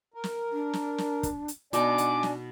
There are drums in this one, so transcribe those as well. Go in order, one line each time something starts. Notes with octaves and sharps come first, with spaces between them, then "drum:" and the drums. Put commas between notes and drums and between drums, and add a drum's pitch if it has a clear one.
A#4
drum: snare
D4
drum: snare
drum: snare
drum: kick, hi-hat
drum: hi-hat
B2 D4 D#4 D5 G#5 D6, drum: hi-hat
F#5, drum: hi-hat
drum: snare